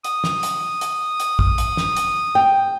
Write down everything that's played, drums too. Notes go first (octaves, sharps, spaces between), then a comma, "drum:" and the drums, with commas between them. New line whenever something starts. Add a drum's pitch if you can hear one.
D#6, drum: hi-hat
drum: snare
drum: hi-hat
drum: hi-hat
drum: hi-hat
drum: kick
drum: hi-hat
drum: snare
drum: hi-hat
G5